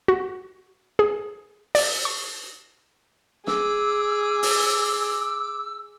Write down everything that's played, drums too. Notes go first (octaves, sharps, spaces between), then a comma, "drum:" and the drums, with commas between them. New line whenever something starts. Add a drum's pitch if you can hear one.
F#4
G#4
D5, drum: open hi-hat
C#6
G#4 D6 E6, drum: snare
drum: open hi-hat